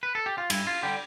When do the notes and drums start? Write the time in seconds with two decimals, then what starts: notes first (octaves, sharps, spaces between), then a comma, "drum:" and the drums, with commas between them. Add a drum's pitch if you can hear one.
0.03 B4
0.15 A4
0.26 G4
0.38 F4
0.50 G2 E4, drum: cymbal
0.67 F4
0.83 D3 G3 G4